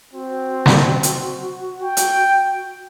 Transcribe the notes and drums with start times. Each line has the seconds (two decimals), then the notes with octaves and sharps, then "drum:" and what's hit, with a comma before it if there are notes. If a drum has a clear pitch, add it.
0.13 C4 F#4
0.66 drum: snare
1.03 drum: hi-hat
1.83 G5
1.97 drum: hi-hat